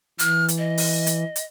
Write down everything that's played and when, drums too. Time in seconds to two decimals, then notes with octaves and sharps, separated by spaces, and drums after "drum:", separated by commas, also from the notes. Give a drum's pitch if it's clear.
0.19 E3 F6, drum: hi-hat
0.48 drum: hi-hat
0.58 D#5
0.78 drum: open hi-hat
1.07 drum: hi-hat
1.36 drum: hi-hat